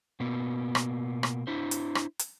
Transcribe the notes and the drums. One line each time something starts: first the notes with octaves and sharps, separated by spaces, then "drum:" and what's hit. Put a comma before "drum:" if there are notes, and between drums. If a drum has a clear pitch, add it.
B2 A#3 B3
drum: rim click
drum: rim click
D4 E4 C5
drum: hi-hat
drum: rim click
drum: hi-hat